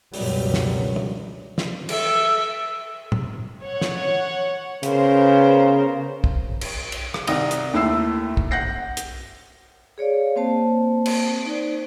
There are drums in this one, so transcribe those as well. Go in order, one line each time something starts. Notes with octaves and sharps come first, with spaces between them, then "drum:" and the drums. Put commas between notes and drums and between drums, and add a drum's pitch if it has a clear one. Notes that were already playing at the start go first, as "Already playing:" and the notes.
C#2 F#2 B2 F#3 G3, drum: open hi-hat
drum: snare
drum: tom
drum: snare
A4 E5, drum: cymbal
drum: tom
C#5 F#5
drum: snare
C#3 B3 A#4 C5, drum: hi-hat
drum: kick
drum: cymbal
drum: cymbal
drum: rim click
C2 D#3 D#6 A#6, drum: cymbal
drum: hi-hat
D#2 A3 E4 E6 C7
drum: kick
F#5 G6 A#6 C7
drum: hi-hat
G#4 C#5 D5 F5
A#3 C4 C5 A5
drum: cymbal
D#4 C5 D5